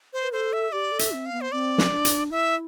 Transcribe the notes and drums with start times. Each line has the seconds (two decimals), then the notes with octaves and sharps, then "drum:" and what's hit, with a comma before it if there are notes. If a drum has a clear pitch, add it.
0.13 C5
0.22 B4
0.33 A4 C5
0.53 E5
0.72 G4 D5
0.92 A4
0.99 E5, drum: hi-hat
1.12 C4
1.26 F5
1.32 B3
1.41 C5
1.52 C4 D5
1.78 drum: snare
1.91 D4
2.05 drum: hi-hat
2.31 E4 E5